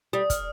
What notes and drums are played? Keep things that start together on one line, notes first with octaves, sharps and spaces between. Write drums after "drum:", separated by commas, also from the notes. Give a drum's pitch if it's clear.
G3 D#6
F6, drum: kick, hi-hat